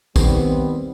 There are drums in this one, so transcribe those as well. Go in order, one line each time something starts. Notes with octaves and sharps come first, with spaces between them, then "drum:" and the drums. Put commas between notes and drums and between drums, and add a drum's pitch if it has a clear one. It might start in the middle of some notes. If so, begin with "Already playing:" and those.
D#3 G3 B3 C4, drum: kick A#1, tambourine